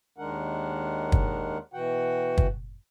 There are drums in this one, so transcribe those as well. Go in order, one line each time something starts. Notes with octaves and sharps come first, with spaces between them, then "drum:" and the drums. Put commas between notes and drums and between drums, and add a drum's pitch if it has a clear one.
D#2 D#3 G#3 D4 A#4 F#5
drum: kick
B2 E3 F#4 F#5 G5
drum: kick